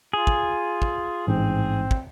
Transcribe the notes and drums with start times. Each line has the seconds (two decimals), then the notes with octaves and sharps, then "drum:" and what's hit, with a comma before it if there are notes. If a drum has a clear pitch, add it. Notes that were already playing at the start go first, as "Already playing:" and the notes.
0.13 F4 G#4
0.27 drum: kick
0.82 drum: kick
1.27 A1 G#2 C4
1.91 drum: kick